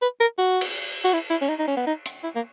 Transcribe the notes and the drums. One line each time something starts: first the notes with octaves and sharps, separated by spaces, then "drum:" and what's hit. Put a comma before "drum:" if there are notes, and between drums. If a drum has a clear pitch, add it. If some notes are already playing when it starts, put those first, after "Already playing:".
B4
A#4
F#4
drum: cymbal
F#4
E4
E4
C#4
D#4
D#4
C#4
B3
D#4
drum: hi-hat
E4
A#3